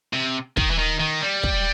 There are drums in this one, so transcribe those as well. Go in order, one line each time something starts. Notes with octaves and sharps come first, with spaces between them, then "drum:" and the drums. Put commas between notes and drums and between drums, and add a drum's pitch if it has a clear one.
C3
D#3, drum: kick
E3
D#3
D#3
G3
drum: kick